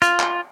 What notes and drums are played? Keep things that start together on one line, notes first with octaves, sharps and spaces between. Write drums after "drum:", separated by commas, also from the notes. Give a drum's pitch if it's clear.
F4, drum: hi-hat
drum: clap